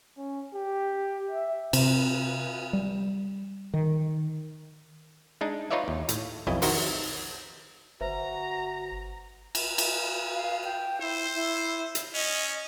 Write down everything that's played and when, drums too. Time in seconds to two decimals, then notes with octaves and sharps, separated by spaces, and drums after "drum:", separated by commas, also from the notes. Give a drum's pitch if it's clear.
0.17 C#4
0.54 G4
1.31 E5
1.73 C3, drum: cymbal
2.73 G3
3.74 D#3
5.41 G#3 D4 D#4
5.71 D#4 F4 B4 C#5 D5 E5
5.88 D#2
6.09 A2, drum: hi-hat
6.47 B1 F2 B2 E4 D#5
6.62 D#3 D#4 E4 F#4 A#4 C5, drum: open hi-hat
8.01 G1 F#4 B4 C5 E5 A#5
9.55 drum: cymbal
9.78 drum: cymbal
10.35 F5
10.64 G5
11.01 E4 C5
11.35 E4
11.95 drum: hi-hat
12.14 C#4 D#5